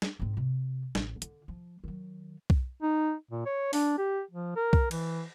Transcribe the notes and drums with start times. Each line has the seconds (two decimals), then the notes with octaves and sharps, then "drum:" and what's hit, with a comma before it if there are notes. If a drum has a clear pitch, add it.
0.02 drum: snare
0.19 G#2 C4
0.37 C3
0.95 A1, drum: snare
1.22 D3, drum: hi-hat
1.48 F3
1.84 D#3 F#3
2.50 drum: kick B1
2.82 D#4
3.31 A#2
3.46 C#5
3.73 D4, drum: open hi-hat
3.98 G4
4.31 F3
4.56 A#4
4.73 drum: kick B1
4.91 E3, drum: cymbal